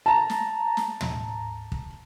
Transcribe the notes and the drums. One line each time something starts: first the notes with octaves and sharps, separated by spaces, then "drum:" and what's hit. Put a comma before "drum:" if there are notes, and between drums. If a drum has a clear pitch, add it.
A5 A#5
drum: snare
drum: snare
drum: tom
drum: kick